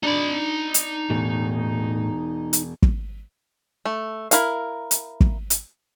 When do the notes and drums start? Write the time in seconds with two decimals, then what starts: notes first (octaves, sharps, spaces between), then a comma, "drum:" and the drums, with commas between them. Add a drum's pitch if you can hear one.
0.03 D4 D#4 B5
0.74 drum: hi-hat
1.10 E1 A2
2.53 drum: hi-hat
2.82 drum: kick
3.85 A3
4.31 E4 A#4 F5, drum: hi-hat
4.91 drum: hi-hat
5.20 drum: kick
5.50 drum: hi-hat